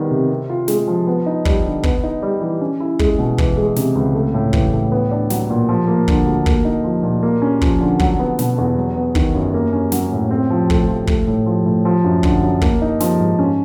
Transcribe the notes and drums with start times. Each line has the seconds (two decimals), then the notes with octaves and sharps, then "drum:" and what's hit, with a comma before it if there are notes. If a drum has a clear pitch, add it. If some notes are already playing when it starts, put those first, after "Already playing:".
Already playing: D#3 G3 B3
0.11 C3
0.30 C4
0.50 F4
0.68 G#3, drum: snare
0.88 F3
1.07 B3
1.26 D#4
1.45 G3, drum: kick
1.65 D3
1.84 B3, drum: kick
2.03 D#4
2.22 G3
2.41 E3
2.61 C#4
2.80 E4
2.99 G#3, drum: kick
3.19 B2
3.38 E3, drum: kick
3.57 G#3
3.76 C3, drum: snare
3.95 C#2
4.14 A3
4.34 A2
4.53 E3, drum: kick
4.73 A2
4.92 B3
5.11 D4
5.30 F#3, drum: snare
5.50 A#2
5.69 F3
5.88 A#3
6.08 D3, drum: kick
6.27 D2
6.46 A#3, drum: kick
6.65 D#4
6.84 F3
7.03 A#2
7.23 A#3
7.42 C#4
7.62 F3, drum: kick
7.81 D3
8.00 F#3, drum: kick
8.19 B3
8.39 B2, drum: snare
8.58 E2
8.77 F#3
8.96 B3
9.15 D#3, drum: kick
9.35 F#2
9.54 A#3
9.73 C#4
9.92 F#3, drum: snare
10.12 A2
10.31 C4
10.51 F3
10.70 A3, drum: kick
10.88 F3
11.08 A3, drum: kick
11.27 A2
11.46 F3
11.66 A2
11.85 F3
12.04 F#2
12.23 D3, drum: kick
12.43 F#2
12.62 A#3, drum: kick
12.82 D#4
13.00 F3, drum: snare
13.20 G#2
13.39 C#4